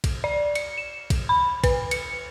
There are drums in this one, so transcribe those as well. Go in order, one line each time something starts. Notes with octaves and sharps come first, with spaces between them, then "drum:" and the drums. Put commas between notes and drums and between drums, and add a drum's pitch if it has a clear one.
drum: kick A#1, cymbal
D5
C#7, drum: cymbal
E7
drum: kick A#1, cymbal
B5
B4, drum: kick A#1, cymbal
C#7, drum: cymbal